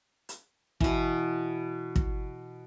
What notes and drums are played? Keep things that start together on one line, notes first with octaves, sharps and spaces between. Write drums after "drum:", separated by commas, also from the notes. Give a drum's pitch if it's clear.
drum: hi-hat
B2 E3, drum: kick
drum: kick